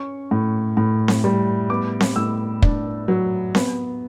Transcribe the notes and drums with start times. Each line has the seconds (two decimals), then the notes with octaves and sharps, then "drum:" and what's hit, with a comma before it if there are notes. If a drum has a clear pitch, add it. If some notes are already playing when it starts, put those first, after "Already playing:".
Already playing: C#4 C#6
0.31 A2
0.77 A2
1.08 drum: snare C4
1.24 G3
1.70 B3 D6
2.00 drum: snare C4
2.16 A2 E6
2.62 D4, drum: kick
3.08 F#3
3.55 B3, drum: snare C4